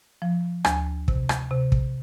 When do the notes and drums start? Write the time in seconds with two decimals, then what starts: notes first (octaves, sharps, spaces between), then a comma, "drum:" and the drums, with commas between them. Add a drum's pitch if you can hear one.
0.22 F3
0.65 D2 G#5, drum: rim click
1.08 C3, drum: kick
1.29 drum: rim click
1.50 C3
1.72 drum: kick